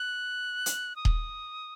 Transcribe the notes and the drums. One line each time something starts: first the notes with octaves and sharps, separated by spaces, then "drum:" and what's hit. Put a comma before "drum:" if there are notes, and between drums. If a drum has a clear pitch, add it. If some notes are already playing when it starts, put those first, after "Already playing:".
Already playing: F#6
drum: hi-hat
D#6
drum: kick D#1